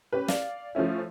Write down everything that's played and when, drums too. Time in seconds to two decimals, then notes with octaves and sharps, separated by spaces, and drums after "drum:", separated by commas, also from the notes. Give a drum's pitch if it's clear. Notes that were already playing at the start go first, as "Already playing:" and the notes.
0.13 C#4 G4 B4
0.28 D5 F5, drum: snare
0.75 F3 A3 C#4 E4